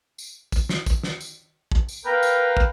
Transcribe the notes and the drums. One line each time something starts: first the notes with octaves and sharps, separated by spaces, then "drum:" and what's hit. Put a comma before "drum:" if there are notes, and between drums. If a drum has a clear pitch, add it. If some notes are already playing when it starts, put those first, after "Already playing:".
drum: tambourine
drum: kick, tambourine
drum: snare
drum: kick, tambourine
drum: snare
drum: tambourine
drum: kick
drum: tambourine
A#4 B4 F5 G5 A#5
drum: tambourine
drum: kick